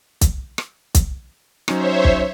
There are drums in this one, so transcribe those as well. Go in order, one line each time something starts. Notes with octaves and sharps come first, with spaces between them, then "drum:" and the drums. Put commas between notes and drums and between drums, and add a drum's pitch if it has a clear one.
drum: kick, hi-hat
drum: rim click
drum: kick, hi-hat
F#3 C#4 D#4 C5 C#5 E5, drum: rim click
drum: kick